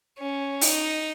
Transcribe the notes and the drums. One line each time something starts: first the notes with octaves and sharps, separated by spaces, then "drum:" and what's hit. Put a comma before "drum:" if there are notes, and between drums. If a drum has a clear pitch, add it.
C#4
D#4, drum: open hi-hat